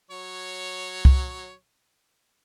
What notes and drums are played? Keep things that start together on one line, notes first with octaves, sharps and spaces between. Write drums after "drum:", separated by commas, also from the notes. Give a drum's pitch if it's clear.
F#3 C#5
drum: kick C2